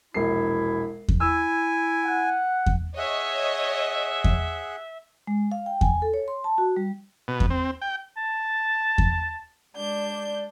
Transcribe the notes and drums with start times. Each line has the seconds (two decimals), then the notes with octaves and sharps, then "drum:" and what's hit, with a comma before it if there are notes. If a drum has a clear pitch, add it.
0.14 E1 A#1 E4 C7
1.08 drum: kick E2
1.20 E4 G#5 E6
2.04 F#5
2.66 drum: kick E2
2.97 G#4 C#5 D#5 E5 F#5
4.24 drum: kick E2
5.27 G#3
5.52 F5
5.66 G5
5.81 G#5, drum: kick E2
6.02 A4
6.14 C#5
6.28 C6
6.44 A5
6.58 F#4
6.77 G3
7.28 B2
7.40 drum: kick E2
7.50 C4
7.82 G5
8.17 A5
8.98 drum: kick E2
9.75 G#3 D4 D5 G6
10.16 D5